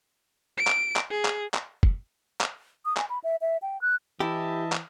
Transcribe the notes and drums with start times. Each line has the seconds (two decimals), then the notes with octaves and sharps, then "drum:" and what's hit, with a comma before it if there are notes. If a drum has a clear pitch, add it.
0.58 D7
0.67 drum: clap
0.96 drum: clap
1.11 G#4
1.25 drum: clap
1.54 drum: clap
1.83 drum: kick
2.41 drum: clap
2.85 D#6
2.97 G#5, drum: clap
3.09 B5
3.24 E5
3.41 E5
3.62 G5
3.81 F#6
4.20 E3 E4 G4 D#5 E5 A5
4.72 drum: clap